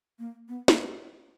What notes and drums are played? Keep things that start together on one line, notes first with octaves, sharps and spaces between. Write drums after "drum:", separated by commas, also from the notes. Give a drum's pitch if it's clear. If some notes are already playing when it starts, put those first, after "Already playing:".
A#3
B3
A#3, drum: snare